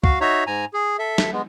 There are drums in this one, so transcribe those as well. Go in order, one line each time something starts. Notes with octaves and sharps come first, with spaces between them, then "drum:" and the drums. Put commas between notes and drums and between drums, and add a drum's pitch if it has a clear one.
F#4 F5, drum: kick
D#4 F#4 C#5 E5 A#5
G#2 G#5 A#5
G#4
A4 E5
drum: snare
G#3 B3